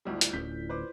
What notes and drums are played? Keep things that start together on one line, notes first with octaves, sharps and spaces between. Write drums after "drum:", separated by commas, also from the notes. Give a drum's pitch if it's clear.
G#1 D2 G3 E4 F4 D5
drum: hi-hat
D1 D2 C#4 G6 B6
B4 C5 D6